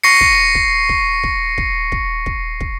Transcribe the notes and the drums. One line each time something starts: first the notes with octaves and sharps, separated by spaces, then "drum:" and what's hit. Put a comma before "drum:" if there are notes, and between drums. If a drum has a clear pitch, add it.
C#6 A#6 C7 C#7
drum: kick
drum: kick
drum: kick
drum: kick
drum: kick
drum: kick
drum: kick
drum: kick